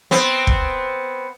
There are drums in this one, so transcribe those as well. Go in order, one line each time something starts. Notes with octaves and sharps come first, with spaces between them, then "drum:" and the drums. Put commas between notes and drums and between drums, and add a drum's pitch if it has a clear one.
B3 C4
drum: kick